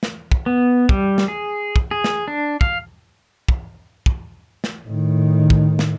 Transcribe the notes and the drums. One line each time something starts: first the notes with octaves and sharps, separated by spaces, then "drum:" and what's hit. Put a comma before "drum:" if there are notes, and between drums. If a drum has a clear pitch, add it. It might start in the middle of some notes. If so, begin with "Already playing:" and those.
drum: snare
drum: kick
B3
G3, drum: kick
drum: snare
G#4
drum: kick
G#4
drum: snare
D4
F5, drum: kick
drum: kick
drum: kick
drum: snare
A2 D#3
drum: kick
drum: snare